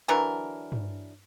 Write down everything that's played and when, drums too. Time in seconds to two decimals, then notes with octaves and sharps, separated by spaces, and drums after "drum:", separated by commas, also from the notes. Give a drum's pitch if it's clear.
0.08 D3 E3 F#3 A#4
0.72 drum: tom G2